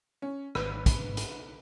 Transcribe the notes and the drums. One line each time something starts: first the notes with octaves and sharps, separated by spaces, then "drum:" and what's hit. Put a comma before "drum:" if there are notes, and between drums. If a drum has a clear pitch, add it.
C#4
G#1 B4, drum: rim click
drum: kick, hi-hat
drum: hi-hat